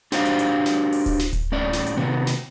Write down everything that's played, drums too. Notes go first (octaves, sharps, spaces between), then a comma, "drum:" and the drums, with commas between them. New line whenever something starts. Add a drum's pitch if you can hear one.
D4 F#4 G4 C5 D#5 F5, drum: snare
drum: hi-hat
drum: hi-hat
drum: snare
drum: open hi-hat
drum: kick D1, hi-hat
drum: snare
drum: kick D1, hi-hat
A2 C#4 D5
drum: snare
drum: hi-hat
C3 D#3 B3
drum: snare